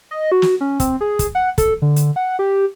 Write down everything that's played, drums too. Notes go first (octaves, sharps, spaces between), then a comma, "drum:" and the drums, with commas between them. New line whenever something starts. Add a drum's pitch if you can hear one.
D#5
F#4
drum: snare
C#4
C4, drum: kick, hi-hat
G#4
drum: kick, hi-hat
F#5
A4, drum: kick, hi-hat
D3
drum: hi-hat
F#5
G4